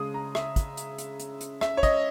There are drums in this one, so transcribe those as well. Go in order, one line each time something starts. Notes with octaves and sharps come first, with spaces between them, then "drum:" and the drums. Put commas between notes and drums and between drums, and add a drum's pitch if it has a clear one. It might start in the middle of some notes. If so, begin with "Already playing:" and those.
Already playing: C#3 G#3 D#6
A#5
E5, drum: rim click
drum: kick, hi-hat
drum: hi-hat
drum: hi-hat
drum: hi-hat
drum: hi-hat
E5, drum: rim click
C#5
D#5, drum: kick, hi-hat